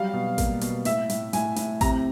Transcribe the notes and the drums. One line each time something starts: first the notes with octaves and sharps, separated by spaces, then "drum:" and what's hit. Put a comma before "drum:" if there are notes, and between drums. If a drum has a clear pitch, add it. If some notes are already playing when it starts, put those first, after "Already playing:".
Already playing: F#3 G3 F5
B2
A#3, drum: kick A1, hi-hat
B2, drum: hi-hat
A2 E5, drum: hi-hat
A2, drum: hi-hat
A2 G#5, drum: hi-hat
A2, drum: hi-hat
C3 A#5, drum: kick A1, hi-hat